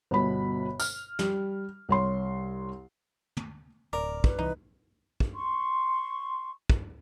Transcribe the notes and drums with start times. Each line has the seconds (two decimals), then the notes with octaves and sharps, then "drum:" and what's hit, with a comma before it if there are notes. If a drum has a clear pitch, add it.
0.11 G1 B2 B5
0.80 F6, drum: tambourine
1.19 G3, drum: snare
1.89 C2 C#5 C6
3.37 drum: tom
3.93 D1 A#4 D5
4.24 B4, drum: kick
4.39 C2 E3 D#4
5.20 drum: kick
5.34 C6 C#6
6.70 drum: kick